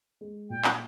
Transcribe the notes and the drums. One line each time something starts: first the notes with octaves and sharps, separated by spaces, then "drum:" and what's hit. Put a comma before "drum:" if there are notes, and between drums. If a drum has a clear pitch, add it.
G#3
A#2 G5
drum: clap